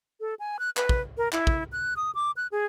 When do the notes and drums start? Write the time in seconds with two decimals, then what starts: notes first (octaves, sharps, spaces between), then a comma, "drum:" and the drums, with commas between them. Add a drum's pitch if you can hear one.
0.21 A4
0.39 G#5
0.59 F#6
0.77 B4, drum: clap
0.89 drum: kick
1.18 A#4
1.33 E4, drum: clap
1.47 drum: kick
1.72 F#6
1.97 D#6
2.15 D6
2.37 F#6
2.52 G#4